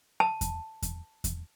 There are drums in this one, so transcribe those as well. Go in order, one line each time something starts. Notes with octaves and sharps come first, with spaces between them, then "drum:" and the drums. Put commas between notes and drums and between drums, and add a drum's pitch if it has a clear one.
A5
drum: kick E2, hi-hat
drum: kick E2, hi-hat
drum: kick E2, hi-hat